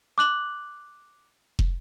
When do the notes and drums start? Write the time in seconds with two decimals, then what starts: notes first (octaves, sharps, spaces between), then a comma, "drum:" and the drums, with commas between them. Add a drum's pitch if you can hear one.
0.18 D6 F#6 F#7
1.59 drum: kick